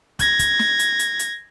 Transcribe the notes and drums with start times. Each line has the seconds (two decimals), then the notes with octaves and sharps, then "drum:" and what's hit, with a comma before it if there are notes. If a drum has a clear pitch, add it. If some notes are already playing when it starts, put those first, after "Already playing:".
0.19 G#6 A#6, drum: kick, hi-hat
0.39 drum: kick, hi-hat
0.59 drum: snare
0.79 drum: hi-hat
0.99 drum: hi-hat
1.19 drum: hi-hat